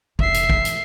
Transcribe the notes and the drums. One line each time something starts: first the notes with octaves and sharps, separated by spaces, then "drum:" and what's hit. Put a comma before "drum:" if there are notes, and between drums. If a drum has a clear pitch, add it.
F1 D3 E5 C7, drum: kick A#1
drum: hi-hat
drum: kick A#1
drum: hi-hat